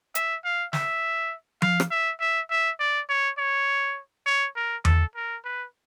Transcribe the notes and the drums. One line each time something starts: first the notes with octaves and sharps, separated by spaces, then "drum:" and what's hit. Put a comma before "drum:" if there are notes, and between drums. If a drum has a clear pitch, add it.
E5, drum: hi-hat
F5
E5, drum: snare
F5, drum: tom F3
drum: rim click
E5
E5
E5
D5
C#5
C#5
C#5
A#4
A4, drum: tom E2
A#4
B4